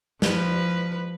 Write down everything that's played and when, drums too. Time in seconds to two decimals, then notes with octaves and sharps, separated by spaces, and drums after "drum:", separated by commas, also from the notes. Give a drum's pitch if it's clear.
0.22 F3 B4, drum: snare